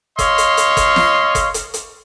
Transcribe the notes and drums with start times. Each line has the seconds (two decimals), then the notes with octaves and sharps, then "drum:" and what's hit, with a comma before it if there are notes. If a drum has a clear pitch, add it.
0.19 C#5 D#5 F5 C6, drum: kick, hi-hat
0.38 drum: hi-hat
0.57 drum: hi-hat
0.77 drum: kick, hi-hat
0.96 drum: snare
1.35 drum: kick, hi-hat
1.54 drum: hi-hat
1.74 drum: hi-hat